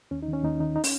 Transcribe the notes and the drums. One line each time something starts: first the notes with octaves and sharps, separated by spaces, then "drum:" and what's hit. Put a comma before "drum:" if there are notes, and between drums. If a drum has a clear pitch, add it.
D#2 C#4
D#4
D#3
C#4
D#2 D#4
D#3 D#4
D#4
C#4, drum: open hi-hat